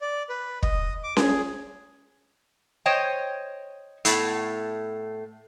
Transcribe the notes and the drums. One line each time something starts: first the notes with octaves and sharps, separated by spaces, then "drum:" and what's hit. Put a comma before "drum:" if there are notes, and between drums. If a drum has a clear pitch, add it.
D5
B4
D#5, drum: kick
D6
G#4, drum: snare C#4
C5 C#5 D#5 G5
A2 A3 B3, drum: hi-hat